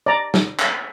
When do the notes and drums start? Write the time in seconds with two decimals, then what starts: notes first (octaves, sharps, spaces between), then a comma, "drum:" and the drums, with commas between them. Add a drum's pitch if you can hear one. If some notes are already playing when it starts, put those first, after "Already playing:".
0.06 D5 A#5
0.34 drum: snare
0.59 drum: clap